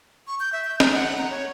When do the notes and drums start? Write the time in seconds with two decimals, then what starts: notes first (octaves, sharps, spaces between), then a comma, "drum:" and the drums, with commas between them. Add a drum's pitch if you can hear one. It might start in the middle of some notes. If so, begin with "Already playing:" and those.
0.27 C#6
0.40 G6
0.53 E5
0.64 G6
0.80 A#5, drum: snare
0.94 F#5
1.18 A#5
1.31 C#5